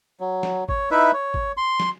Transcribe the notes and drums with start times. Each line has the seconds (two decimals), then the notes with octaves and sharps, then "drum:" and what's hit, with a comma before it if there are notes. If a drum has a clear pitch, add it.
0.20 F#3
0.43 drum: snare
0.69 C#5, drum: kick
0.91 D#4 E4 B4 E5
1.14 C#5
1.34 drum: kick
1.57 C6
1.80 drum: snare